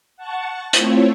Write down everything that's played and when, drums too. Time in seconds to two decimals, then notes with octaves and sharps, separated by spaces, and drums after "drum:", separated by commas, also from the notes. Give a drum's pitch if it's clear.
0.17 F#5 A5 C#6
0.73 A3 C4 E4 F4 C#5, drum: hi-hat